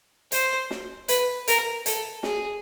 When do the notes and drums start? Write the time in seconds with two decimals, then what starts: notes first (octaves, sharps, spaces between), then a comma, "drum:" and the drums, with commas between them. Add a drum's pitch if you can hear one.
0.32 C5, drum: hi-hat
0.71 drum: snare
1.08 B4, drum: hi-hat
1.48 A#4, drum: hi-hat
1.86 A4, drum: hi-hat
2.23 G#4, drum: snare